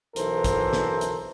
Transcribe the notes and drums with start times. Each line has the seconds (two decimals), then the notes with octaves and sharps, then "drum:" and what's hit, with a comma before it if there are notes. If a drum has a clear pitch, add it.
0.16 B1 E3 A4 A#4 C5, drum: hi-hat
0.44 drum: kick, hi-hat
0.73 drum: snare
1.01 drum: hi-hat